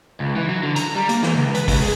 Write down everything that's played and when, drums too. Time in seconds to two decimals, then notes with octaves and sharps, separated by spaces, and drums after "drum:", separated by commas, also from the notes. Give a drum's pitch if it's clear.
0.20 C#2
0.36 E3
0.49 F#3
0.63 D3
0.76 A#5, drum: hi-hat
0.96 G3
1.09 A#3, drum: hi-hat
1.23 E3, drum: snare
1.35 C#2
1.54 B4, drum: hi-hat
1.68 C#2, drum: kick, open hi-hat
1.82 G#4